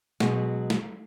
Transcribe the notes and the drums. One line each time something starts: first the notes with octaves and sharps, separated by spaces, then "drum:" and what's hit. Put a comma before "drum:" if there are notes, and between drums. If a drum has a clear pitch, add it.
B2 F#3 G#3, drum: snare
drum: snare